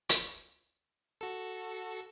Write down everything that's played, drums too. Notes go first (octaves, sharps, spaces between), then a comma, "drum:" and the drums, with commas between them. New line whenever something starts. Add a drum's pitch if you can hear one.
drum: hi-hat
F#4 A4